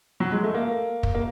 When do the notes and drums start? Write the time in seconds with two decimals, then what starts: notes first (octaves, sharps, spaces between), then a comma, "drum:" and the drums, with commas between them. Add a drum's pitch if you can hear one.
0.20 F#3
0.32 G#3
0.43 A3
0.55 A#3
1.03 drum: kick
1.15 A#3